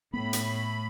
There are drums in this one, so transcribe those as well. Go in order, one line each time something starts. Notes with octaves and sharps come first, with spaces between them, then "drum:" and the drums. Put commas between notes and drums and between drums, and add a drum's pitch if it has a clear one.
A2 B3 B5
drum: hi-hat